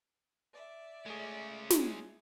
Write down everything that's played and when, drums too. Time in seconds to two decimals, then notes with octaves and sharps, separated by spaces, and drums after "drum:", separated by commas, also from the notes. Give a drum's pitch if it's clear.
0.52 D5 E5
1.06 G#3 A3 C#4 G#4
1.70 drum: snare